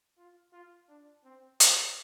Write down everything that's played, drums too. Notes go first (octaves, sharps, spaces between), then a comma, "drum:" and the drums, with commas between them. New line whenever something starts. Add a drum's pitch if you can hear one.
F4
F4
D4
C4
F4, drum: hi-hat